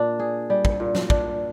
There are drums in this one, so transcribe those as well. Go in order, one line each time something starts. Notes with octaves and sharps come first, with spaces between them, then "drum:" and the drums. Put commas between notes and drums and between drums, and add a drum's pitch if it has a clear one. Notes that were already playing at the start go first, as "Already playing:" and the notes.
Already playing: A#2 D4
G#4
G3
drum: kick
A#2
drum: snare
D4, drum: kick